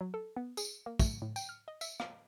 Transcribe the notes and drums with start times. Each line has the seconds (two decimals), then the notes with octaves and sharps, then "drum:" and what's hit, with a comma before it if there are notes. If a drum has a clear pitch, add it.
0.01 F#3
0.14 A4
0.36 B3
0.57 G#4, drum: tambourine
0.86 A#3
0.99 A3, drum: kick, tambourine
1.22 A2
1.36 G5, drum: tambourine
1.49 F6
1.68 D#5
1.81 E5, drum: tambourine
2.00 F5, drum: rim click